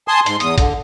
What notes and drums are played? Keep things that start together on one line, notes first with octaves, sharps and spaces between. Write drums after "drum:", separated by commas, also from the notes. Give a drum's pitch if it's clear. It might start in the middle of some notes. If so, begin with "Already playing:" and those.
G#5 A5 C6 D#6
G#2 C6, drum: hi-hat
E2 D#6, drum: hi-hat
D3, drum: kick A1, hi-hat